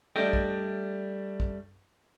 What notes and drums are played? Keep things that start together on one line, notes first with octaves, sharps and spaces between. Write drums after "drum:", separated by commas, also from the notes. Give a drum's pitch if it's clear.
G3 A3 D4 D#5 G5
drum: kick
drum: kick